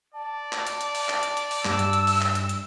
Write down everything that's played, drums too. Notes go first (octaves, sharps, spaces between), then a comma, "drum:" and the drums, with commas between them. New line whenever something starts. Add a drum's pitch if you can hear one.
D5 A5
drum: clap
drum: hi-hat
drum: hi-hat
drum: open hi-hat
drum: clap
drum: hi-hat
drum: hi-hat
drum: open hi-hat
G2 E6, drum: clap
drum: hi-hat
drum: hi-hat
drum: open hi-hat
drum: clap
drum: hi-hat
drum: hi-hat